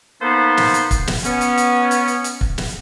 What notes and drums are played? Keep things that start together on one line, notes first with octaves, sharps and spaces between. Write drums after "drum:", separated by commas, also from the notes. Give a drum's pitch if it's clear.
A#3 B3 D#4 A4 B4 C5
drum: snare
drum: hi-hat
drum: kick, hi-hat
drum: snare
B3 C#4, drum: hi-hat
drum: hi-hat
drum: hi-hat
drum: hi-hat
drum: hi-hat
drum: hi-hat
drum: kick
drum: snare